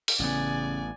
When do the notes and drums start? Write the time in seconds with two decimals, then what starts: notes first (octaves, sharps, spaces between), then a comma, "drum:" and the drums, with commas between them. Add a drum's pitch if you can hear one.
0.08 drum: open hi-hat
0.19 A1 C#3 B3 D5 G#5